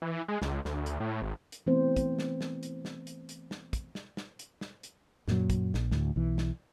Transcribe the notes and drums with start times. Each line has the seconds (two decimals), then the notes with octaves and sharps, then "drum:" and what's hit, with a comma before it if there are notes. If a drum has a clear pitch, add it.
0.02 E3
0.28 G#3
0.42 C#2, drum: snare
0.65 D2, drum: snare
0.86 drum: hi-hat
1.00 A2
1.22 G#1
1.52 drum: hi-hat
1.67 E3 A3 B3 C4 C5
1.96 drum: kick, hi-hat
2.19 drum: snare
2.41 drum: snare
2.63 drum: hi-hat
2.85 drum: snare
3.07 drum: hi-hat
3.29 drum: hi-hat
3.51 drum: snare
3.73 drum: kick, hi-hat
3.95 drum: snare
4.17 drum: snare
4.39 drum: hi-hat
4.61 drum: snare
4.83 drum: hi-hat
5.28 F#2 A#2 F#3, drum: snare
5.50 drum: kick, hi-hat
5.74 A#1, drum: snare
5.91 D2 A2, drum: snare
6.16 B1 E3
6.38 drum: snare